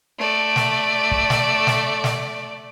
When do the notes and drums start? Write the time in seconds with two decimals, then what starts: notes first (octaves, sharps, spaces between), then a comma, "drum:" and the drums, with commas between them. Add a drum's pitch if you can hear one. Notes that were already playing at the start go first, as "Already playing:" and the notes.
0.19 A3 D5
0.56 drum: snare
1.11 drum: kick
1.30 drum: snare
1.67 drum: snare
2.04 drum: snare